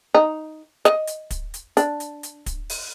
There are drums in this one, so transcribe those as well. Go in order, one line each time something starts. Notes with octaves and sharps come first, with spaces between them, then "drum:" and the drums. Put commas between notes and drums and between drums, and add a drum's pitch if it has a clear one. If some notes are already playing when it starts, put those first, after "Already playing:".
D#4
D#5, drum: snare
drum: hi-hat
drum: kick, hi-hat
drum: hi-hat
D4, drum: hi-hat
drum: hi-hat
drum: hi-hat
drum: kick, hi-hat
drum: open hi-hat